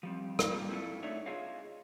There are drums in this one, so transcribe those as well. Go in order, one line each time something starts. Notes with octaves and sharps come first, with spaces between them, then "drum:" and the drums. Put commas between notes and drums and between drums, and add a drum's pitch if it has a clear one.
F3 G3 C4
drum: rim click
G3 A#3 F4
C4 E4 F4 A4
A3 D4 D#4 C#5 E5
F4 G#4 C#5 D#5 F5